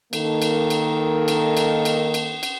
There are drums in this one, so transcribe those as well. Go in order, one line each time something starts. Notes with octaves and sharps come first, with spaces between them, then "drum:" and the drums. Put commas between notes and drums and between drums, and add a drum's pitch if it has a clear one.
D#3 A#3 A4, drum: cymbal
drum: cymbal
drum: cymbal
drum: cymbal
drum: cymbal
drum: cymbal
drum: cymbal
drum: cymbal